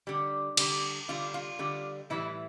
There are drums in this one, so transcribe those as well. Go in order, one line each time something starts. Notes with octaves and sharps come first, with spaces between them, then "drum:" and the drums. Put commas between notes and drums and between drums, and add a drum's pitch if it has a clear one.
D3 G3
D3 G3, drum: cymbal
D3 G3 F4
F4
D3 G3
A2 E3 G3 E4